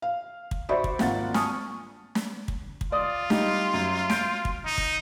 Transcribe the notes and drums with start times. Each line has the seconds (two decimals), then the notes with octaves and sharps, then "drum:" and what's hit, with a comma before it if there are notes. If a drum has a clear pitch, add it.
0.02 F5
0.51 drum: kick
0.69 F#4 C5 D5 E5 B5 C#6
0.84 drum: kick
0.99 G#1 A#3 F4 F#5 A6, drum: snare
1.34 G#5 A5 C#6 D#6 F6, drum: snare
2.15 drum: snare
2.48 drum: kick
2.81 drum: kick
2.92 F4 D5 D#6
3.30 G3 D#4 G4, drum: snare
3.74 F#2
4.10 G6 D7, drum: snare
4.45 drum: kick
4.65 D#4
4.78 drum: kick